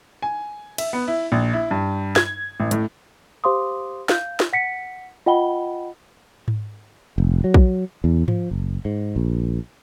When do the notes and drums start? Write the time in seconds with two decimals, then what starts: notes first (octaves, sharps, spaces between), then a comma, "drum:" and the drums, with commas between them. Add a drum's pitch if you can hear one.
0.22 G#5
0.78 E5, drum: cymbal
0.93 B3
1.08 E4
1.32 A#1
1.53 E4
1.71 G2
2.16 G#6, drum: snare
2.60 A1
2.71 A2, drum: hi-hat
3.44 G4 C5 F5 C6 D6 D#6
4.09 F5 G6, drum: snare
4.40 drum: snare
4.53 F#5 B6 C#7
5.26 F4 D#5 F#5 G5 B5 G7
6.48 drum: tom G#2
7.18 F1
7.44 F#3
7.54 drum: kick A#1
8.04 E2
8.28 F3, drum: tom G#2
8.51 F#1
8.85 G#2
9.16 A#1